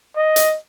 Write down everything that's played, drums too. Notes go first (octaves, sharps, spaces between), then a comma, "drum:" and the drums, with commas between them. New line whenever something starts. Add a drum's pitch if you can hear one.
D#5
drum: hi-hat